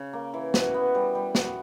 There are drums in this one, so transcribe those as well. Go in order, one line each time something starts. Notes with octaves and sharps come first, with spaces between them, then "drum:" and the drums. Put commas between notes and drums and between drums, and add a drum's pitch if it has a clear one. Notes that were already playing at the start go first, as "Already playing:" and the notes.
Already playing: C#3
A#3
E3
F#4, drum: snare
B3
G3
G3
F#4, drum: snare